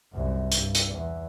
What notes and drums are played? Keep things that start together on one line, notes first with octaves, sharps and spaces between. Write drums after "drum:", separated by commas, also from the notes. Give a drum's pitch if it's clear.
C2 F#2
G2, drum: hi-hat
drum: hi-hat
E2